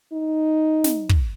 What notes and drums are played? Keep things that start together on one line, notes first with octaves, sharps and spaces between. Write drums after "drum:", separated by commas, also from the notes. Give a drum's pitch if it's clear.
D#4
drum: snare
drum: kick